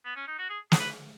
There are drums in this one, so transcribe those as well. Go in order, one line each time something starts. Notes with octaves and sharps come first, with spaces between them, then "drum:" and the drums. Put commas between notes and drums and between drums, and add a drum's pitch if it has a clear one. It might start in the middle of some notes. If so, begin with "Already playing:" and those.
B3
C#4
D#4
F#4
G#4
G#4, drum: snare
B4